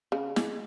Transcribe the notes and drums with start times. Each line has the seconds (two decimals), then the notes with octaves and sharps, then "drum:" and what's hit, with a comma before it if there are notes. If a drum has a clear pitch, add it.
0.12 C#3
0.36 G#3, drum: snare